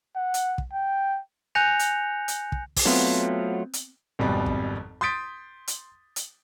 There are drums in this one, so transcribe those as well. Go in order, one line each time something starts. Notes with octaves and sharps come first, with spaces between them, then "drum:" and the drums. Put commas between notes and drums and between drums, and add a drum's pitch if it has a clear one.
F#5
drum: hi-hat
drum: kick
G5
G#5 F#6 G6 A#6 C#7 F7
drum: hi-hat
drum: hi-hat
drum: kick
drum: kick, open hi-hat
F#3 A3 B3 C4 F4
drum: hi-hat
G#1 F2 B2 G3
drum: kick
C6 D#6 G6 A6 B6 D7
drum: hi-hat
drum: hi-hat